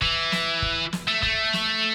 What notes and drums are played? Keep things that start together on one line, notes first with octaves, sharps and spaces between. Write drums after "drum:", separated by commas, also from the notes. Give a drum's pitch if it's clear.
E3, drum: kick
drum: snare
drum: kick
drum: snare
A3
A3, drum: kick
drum: snare